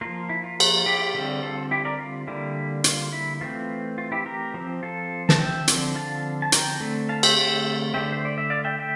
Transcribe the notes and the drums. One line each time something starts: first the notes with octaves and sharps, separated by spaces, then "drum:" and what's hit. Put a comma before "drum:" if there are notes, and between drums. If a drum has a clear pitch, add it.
F3 A#3 F4
E4
F4
drum: cymbal
E4 G4
D3 G3 C4
F4 A4
E4 G4
A#4 D5
F4
D3 G3 A#3 E4
F4, drum: hi-hat
E4
E3 A3 C4 F4
F4
E4 G4
G4 A#4
F3 C4
F4 A4
A5, drum: snare
E5 G5
D3 F3 C4, drum: hi-hat
F5 A5
A5
G5 A#5, drum: hi-hat
D3 A3 C4
F5 A5
E5 G5, drum: cymbal
E5 G5
D3 A3 C4 E5 G5
C5
D5
E5
D5 F5
E5 G5
E5 G5